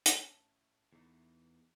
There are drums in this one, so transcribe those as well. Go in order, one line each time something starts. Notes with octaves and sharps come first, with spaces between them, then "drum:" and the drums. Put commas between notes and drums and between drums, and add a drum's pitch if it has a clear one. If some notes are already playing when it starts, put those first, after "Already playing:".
A2 C#4 A5 E6, drum: hi-hat
E2 E3 A3 D#4